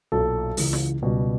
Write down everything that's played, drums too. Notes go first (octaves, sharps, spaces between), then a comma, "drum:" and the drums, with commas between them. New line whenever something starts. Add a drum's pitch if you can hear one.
B1 A#2 F#3 A4
C#2 C#3 E3 G#3, drum: open hi-hat
drum: snare F4
C#2 B2 G3